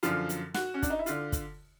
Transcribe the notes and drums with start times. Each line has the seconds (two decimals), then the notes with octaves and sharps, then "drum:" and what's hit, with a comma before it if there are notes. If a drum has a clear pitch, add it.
0.03 F#2 D3 F3 F4, drum: hi-hat
0.29 drum: hi-hat
0.54 F#4, drum: snare
0.74 C#4
0.82 D4, drum: kick, hi-hat
0.90 D#4
0.99 E4
1.06 D3 F4, drum: hi-hat
1.32 drum: kick, hi-hat